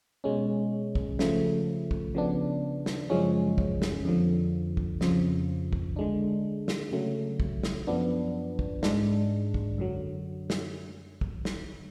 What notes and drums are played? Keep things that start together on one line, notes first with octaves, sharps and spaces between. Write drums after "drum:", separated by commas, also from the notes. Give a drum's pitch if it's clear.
B2 G#3 C#4
drum: kick
C#3 F3 A3, drum: snare
drum: kick
C#3 F3 B3 D4
drum: snare
F#2 C#3 F3 G#3 C#4
drum: kick
drum: snare
F2 D3 F3
drum: kick
F2 C#3 F3, drum: snare
drum: kick
D3 G#3 D4
drum: snare
C#3 F#3 A3
drum: kick
drum: snare
F#2 F3 B3 D4
drum: kick
G#2 G#3 D4, drum: snare
drum: kick
F#2 D3 F#3
drum: snare
drum: kick
drum: snare